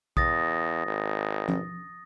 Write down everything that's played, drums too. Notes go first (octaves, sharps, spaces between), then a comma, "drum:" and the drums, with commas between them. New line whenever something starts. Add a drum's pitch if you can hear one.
E2 D#6 A6 A#6, drum: kick
G#1
drum: tom F3